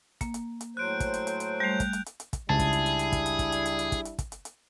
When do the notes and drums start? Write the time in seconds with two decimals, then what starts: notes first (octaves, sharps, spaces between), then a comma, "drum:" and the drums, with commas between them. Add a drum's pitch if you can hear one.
0.21 A#3, drum: kick, hi-hat
0.34 drum: hi-hat
0.61 drum: hi-hat
0.77 A2 F#3 C5 F#6 D7
1.00 drum: kick, hi-hat
1.14 drum: hi-hat
1.27 drum: hi-hat
1.40 drum: hi-hat
1.60 G3 A3 G6 F7
1.80 drum: kick, hi-hat
1.93 drum: hi-hat
2.06 drum: hi-hat
2.20 drum: hi-hat
2.33 drum: kick, hi-hat
2.49 C#2 G3 D4 E4 G#4 A5
2.59 drum: kick, hi-hat
2.73 drum: hi-hat
2.86 drum: hi-hat
2.99 drum: hi-hat
3.13 drum: kick, hi-hat
3.26 drum: hi-hat
3.39 drum: kick, hi-hat
3.52 drum: hi-hat
3.66 drum: hi-hat
3.79 drum: hi-hat
3.92 drum: kick, hi-hat
4.05 drum: hi-hat
4.19 drum: kick, hi-hat
4.32 drum: hi-hat
4.45 drum: hi-hat